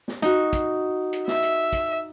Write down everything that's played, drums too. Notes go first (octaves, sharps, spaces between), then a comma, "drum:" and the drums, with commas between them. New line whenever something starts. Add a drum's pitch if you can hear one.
drum: snare
D#4 F#4, drum: hi-hat
drum: kick, hi-hat
drum: hi-hat
E5, drum: snare
drum: hi-hat
drum: kick, hi-hat